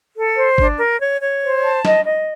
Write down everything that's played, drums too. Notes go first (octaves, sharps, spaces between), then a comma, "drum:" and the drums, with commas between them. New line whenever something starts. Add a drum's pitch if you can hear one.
A4
C5
D4, drum: kick G1
A#4
C#5
C#5
C5
A5
D#5, drum: snare
D#5